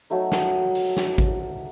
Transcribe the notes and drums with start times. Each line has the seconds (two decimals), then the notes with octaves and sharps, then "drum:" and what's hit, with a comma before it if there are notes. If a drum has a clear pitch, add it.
0.10 F#3 A3 D#4
0.32 drum: snare
0.75 drum: open hi-hat
0.97 drum: snare
1.18 drum: kick G#1, hi-hat